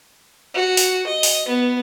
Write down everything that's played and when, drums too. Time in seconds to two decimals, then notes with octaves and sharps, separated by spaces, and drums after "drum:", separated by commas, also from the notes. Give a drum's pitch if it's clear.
0.54 F#4
0.77 drum: open hi-hat
1.07 D#5
1.23 drum: open hi-hat
1.48 B3